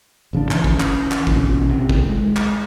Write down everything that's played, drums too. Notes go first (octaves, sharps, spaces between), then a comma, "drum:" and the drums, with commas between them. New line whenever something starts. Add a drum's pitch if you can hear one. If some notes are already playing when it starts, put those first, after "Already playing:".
A1 C#3 F3 D4
E3 C#4, drum: clap
drum: kick
drum: clap
drum: clap
drum: kick
A#1 B2 C#4
C2 C3
drum: kick
G#3
drum: clap